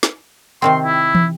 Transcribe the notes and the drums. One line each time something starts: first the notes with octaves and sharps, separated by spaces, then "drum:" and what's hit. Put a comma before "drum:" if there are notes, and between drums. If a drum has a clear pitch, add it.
drum: snare
C3 D#3 C4 C6
E4
drum: tom